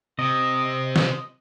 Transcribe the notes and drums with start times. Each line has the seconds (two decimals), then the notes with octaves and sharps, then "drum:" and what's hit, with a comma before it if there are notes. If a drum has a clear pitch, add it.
0.19 C3 D#5
0.96 drum: snare